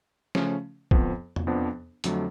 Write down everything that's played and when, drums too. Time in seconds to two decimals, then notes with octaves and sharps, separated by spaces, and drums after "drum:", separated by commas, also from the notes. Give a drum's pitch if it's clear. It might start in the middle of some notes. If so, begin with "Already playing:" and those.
0.35 C#3 F3 A3 C#4, drum: snare
0.91 F2 F3 B3, drum: kick
1.36 drum: tom E2
1.47 F2 F3 B3 D4
2.04 F2 D3 F#3 A3, drum: hi-hat